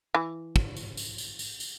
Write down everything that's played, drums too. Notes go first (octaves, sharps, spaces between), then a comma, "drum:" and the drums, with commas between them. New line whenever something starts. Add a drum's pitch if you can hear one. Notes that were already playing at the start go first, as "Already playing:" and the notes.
E3
drum: kick
drum: tambourine
drum: tambourine
drum: tambourine
drum: tambourine
drum: tambourine